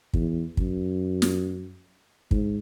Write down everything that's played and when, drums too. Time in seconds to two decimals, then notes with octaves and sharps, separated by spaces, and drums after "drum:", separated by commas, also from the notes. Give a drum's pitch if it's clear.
0.14 E2, drum: kick
0.57 F#2, drum: kick
1.22 drum: snare
2.31 G#2, drum: kick